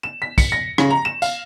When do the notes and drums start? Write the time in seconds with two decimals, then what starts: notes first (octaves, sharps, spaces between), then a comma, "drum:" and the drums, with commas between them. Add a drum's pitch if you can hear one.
0.03 E7
0.22 B6
0.38 C#7, drum: kick, tambourine
0.52 A#6
0.78 C#3, drum: rim click
0.90 A#5
1.05 E7
1.22 F5, drum: tambourine